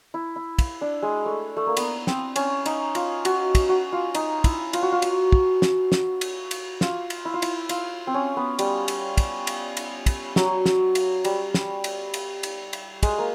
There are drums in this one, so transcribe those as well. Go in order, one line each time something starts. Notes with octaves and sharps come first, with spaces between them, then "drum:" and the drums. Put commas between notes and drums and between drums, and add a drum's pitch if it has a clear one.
E4
E4
drum: kick, cymbal
D4
G#3
A3
A3
A#3
B3, drum: cymbal
C4, drum: snare
C#4, drum: cymbal
D#4, drum: cymbal
F4, drum: cymbal
F#4, drum: cymbal
drum: kick, cymbal
F#4
F4
D#4, drum: cymbal
E4, drum: kick, cymbal
F4, drum: cymbal
F#4
F4
F#4, drum: cymbal
drum: kick
drum: snare
drum: snare
drum: cymbal
drum: cymbal
F4, drum: snare
drum: cymbal
E4
F4
E4, drum: cymbal
F4, drum: cymbal
C4
C#4
B3
G3, drum: cymbal
drum: cymbal
drum: kick, cymbal
drum: cymbal
drum: cymbal
drum: kick, cymbal
F#3, drum: snare
drum: snare
drum: cymbal
G3, drum: cymbal
drum: snare
drum: cymbal
drum: cymbal
drum: cymbal
drum: cymbal
G#3, drum: kick, cymbal
A#3